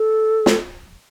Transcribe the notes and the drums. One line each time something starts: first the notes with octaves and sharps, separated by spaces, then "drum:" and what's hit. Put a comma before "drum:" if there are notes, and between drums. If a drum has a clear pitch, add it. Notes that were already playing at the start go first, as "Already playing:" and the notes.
Already playing: A4
drum: snare